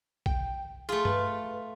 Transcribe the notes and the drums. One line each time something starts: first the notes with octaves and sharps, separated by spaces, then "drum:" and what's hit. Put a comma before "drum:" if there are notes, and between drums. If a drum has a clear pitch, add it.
G5, drum: kick B1
A3 F4 G#4
B4, drum: tom G2